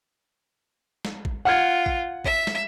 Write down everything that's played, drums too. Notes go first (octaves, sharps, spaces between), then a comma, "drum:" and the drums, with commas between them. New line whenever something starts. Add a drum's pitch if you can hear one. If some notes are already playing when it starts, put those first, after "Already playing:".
drum: snare
drum: kick A1
F4 F#5 F6 G#6
drum: kick A1
E5, drum: kick A1
drum: snare